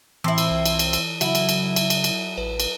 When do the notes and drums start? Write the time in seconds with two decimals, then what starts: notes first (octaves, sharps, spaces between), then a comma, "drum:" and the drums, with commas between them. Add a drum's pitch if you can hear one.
0.24 A2 E3 C4 E4 C6 E6 C7
0.38 drum: cymbal
0.51 C2
0.66 drum: cymbal
0.79 drum: cymbal
0.93 drum: cymbal
1.21 C#3 F#3 E4, drum: cymbal
1.35 drum: cymbal
1.49 drum: cymbal
1.76 drum: cymbal
1.90 drum: cymbal
2.04 drum: cymbal
2.38 A1 B4
2.60 drum: cymbal